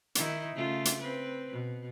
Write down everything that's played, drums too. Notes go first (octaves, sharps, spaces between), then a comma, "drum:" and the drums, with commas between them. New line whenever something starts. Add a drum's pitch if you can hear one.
D#3 D#4 E4, drum: hi-hat
C#3 A3 F4
drum: hi-hat
C4 B4
B2